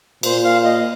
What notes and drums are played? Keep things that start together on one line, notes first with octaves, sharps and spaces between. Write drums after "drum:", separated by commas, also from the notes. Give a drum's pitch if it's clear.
A#2 C5, drum: cymbal
F5
D#5